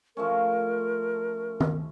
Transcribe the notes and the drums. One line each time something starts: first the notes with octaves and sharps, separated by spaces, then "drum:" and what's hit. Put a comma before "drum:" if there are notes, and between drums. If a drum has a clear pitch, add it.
F3 A3 C#4 A#4
drum: tom